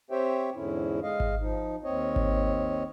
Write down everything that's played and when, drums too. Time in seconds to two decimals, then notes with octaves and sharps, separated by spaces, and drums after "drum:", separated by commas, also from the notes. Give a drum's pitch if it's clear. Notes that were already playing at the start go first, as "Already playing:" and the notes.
0.11 C4 G4 C5 C#5 E5 G5
0.55 E2 G#2 D3 C#4 E4
1.03 G#3 D#5 F5
1.20 drum: kick G#1
1.41 F3 D#4
1.84 D#2 C4 C#5 D#5
2.16 drum: kick G#1